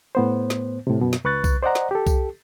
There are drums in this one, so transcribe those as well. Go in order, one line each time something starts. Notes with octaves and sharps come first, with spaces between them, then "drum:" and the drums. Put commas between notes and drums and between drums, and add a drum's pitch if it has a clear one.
A2 B3 C5
drum: snare
A2 C3
F#2 B2
drum: snare
C#2 B4 C#6 F#6 A6
drum: kick C2, tambourine
C5 D5 D#5 F#5 A#5
drum: snare
G4 A4
drum: kick C2, tambourine